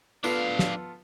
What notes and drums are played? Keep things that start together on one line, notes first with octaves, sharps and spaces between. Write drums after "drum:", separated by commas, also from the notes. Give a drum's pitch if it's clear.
B3 D4 F4 A4 F5, drum: tambourine
drum: snare